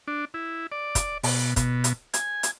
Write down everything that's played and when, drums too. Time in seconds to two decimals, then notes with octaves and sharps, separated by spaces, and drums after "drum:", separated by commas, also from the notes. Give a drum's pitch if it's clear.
0.08 D4
0.34 E4
0.72 D5
0.95 drum: kick, hi-hat
1.23 B2, drum: open hi-hat
1.56 B2, drum: kick, hi-hat
1.84 drum: hi-hat
2.14 G#5, drum: hi-hat
2.43 drum: hi-hat